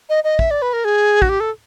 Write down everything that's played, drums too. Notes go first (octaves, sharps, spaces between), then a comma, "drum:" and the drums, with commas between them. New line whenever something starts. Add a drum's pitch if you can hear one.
D#5
D#5
E5, drum: kick
D5
B4
A#4
G#4
F#4, drum: kick
G4
A4